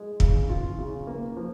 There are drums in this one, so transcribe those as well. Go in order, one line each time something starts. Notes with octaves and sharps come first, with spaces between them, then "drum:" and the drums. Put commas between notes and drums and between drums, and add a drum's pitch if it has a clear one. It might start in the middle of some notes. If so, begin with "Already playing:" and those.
Already playing: G#3
C#3, drum: kick
F4
C#3
A#3
F3